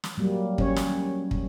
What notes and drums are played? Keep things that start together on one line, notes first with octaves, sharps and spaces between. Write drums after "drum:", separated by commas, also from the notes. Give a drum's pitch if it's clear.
drum: snare
F#3 G3 A#3
C#4 C#5, drum: kick
drum: snare
drum: kick